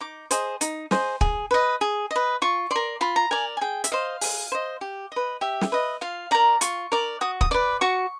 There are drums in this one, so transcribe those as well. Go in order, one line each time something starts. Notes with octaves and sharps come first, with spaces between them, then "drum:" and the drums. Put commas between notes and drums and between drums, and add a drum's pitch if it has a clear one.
D#4 D6
G#4 C5 D#5, drum: hi-hat
D#4, drum: hi-hat
G#4 C5 D#5, drum: snare
G#4, drum: kick
B4 D#5
G#4
B4 D#5
F4 C#6
A#4 D5 C6
F4 B5
A#5
A#4 D5 G#5
G#5
G#4 G5
E5, drum: hi-hat
C5 D#5 F5
G#4, drum: open hi-hat
C5 D#5
G4
B4 D#5
G4 E5
drum: snare
B4 D#5
F4 F5
A#4 D5 A#5
F4 C#6, drum: hi-hat
A#4 D5
F#4 D#6
D#6, drum: kick
B4 D5 D6
F#4 C#6